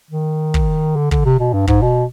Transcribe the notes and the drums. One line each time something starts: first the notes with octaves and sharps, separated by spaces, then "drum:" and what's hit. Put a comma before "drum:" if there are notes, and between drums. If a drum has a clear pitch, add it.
D#3
drum: kick
D3
D3, drum: kick
C3
B2
G2
G#2, drum: kick
B2